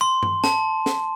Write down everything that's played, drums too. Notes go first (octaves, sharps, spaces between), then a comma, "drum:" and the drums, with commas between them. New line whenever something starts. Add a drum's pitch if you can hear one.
C6
drum: tom G2
A5, drum: snare
drum: snare